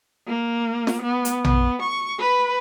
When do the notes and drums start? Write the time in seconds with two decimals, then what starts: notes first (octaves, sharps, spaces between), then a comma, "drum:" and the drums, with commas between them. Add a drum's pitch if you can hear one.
0.27 A#3
0.87 drum: snare
1.02 B3
1.25 drum: hi-hat
1.45 B3, drum: tom A#1
1.82 C#6
2.19 B4 B5